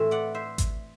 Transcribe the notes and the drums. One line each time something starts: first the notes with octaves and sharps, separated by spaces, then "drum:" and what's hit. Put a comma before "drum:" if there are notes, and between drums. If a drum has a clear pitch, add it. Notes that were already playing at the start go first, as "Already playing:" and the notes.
Already playing: A2 E3 A3 C4 E5
D5 F#5
C5 E5
drum: kick G#1, hi-hat